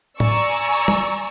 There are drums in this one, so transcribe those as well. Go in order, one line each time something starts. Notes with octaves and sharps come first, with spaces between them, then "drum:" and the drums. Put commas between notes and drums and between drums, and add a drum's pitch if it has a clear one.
D5 G#5 A#5 C#6 E6, drum: tom
drum: tom